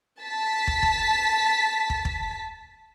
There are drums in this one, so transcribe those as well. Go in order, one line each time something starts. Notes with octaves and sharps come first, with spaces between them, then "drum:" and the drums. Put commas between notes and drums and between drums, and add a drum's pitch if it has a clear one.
A5 B6
drum: kick
drum: kick
drum: kick
drum: kick